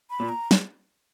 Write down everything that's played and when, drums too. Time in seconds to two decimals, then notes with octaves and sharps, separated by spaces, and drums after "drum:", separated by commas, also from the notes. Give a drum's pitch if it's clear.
0.10 B5
0.20 A#2
0.29 A#5
0.51 drum: snare